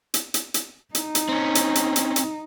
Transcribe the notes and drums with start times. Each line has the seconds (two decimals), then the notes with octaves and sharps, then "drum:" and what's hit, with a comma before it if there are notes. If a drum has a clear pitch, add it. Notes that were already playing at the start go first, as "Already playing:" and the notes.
0.14 drum: hi-hat
0.34 drum: hi-hat
0.54 drum: hi-hat
0.95 D#4, drum: hi-hat
1.15 drum: hi-hat
1.29 C4 C#4
1.55 drum: hi-hat
1.75 drum: hi-hat
1.96 drum: hi-hat
2.16 drum: hi-hat